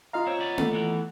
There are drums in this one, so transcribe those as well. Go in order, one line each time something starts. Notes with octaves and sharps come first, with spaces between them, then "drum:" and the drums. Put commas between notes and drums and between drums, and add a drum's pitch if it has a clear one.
F4 D#5 F5 A#5
C4 C#5
B3 D5
A3, drum: tom A#3
E3 B3